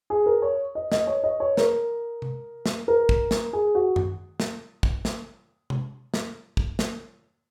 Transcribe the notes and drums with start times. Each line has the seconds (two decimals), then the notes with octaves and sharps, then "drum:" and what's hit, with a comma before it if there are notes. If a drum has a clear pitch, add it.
0.10 G#4
0.26 A#4
0.42 C#5
0.75 D#5
0.92 D#5, drum: snare
1.07 C#5
1.24 D#5
1.40 C#5
1.57 A#4, drum: snare
2.22 drum: tom C3
2.66 drum: snare
2.88 A#4
3.09 drum: kick
3.31 drum: snare
3.53 G#4
3.75 F#4
3.96 drum: tom F#2
4.40 drum: snare
4.83 drum: kick
5.05 drum: snare
5.70 drum: tom C3
6.14 drum: snare
6.57 drum: kick
6.79 drum: snare